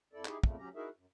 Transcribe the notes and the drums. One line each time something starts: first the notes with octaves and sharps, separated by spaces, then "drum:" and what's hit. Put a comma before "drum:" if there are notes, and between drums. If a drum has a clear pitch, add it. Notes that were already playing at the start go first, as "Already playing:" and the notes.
F2 E4 A4 D5
D#4 E4 G4 G#4, drum: clap
F2 A#2 C#3 A3, drum: kick
D2 F#3 C#4 G4 A#5
D#4 E4 F#4 G#4 A#4 E5
F#2